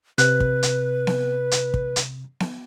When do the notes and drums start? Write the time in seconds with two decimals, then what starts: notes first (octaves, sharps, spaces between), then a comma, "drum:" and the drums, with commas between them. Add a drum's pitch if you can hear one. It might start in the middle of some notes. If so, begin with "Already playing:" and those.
0.18 C3 B4 F#6, drum: hi-hat
0.40 drum: kick
0.63 drum: hi-hat
1.07 drum: snare B3
1.51 drum: hi-hat
1.74 drum: kick
1.96 drum: hi-hat
2.40 drum: snare B3